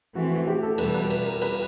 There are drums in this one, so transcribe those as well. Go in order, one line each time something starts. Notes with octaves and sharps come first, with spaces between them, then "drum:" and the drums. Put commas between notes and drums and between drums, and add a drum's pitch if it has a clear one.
E3 A3 C4 F#4
F#4
G4
A4
E2 B2 G3 B4, drum: cymbal
B4
B4, drum: cymbal
A#4
B4, drum: cymbal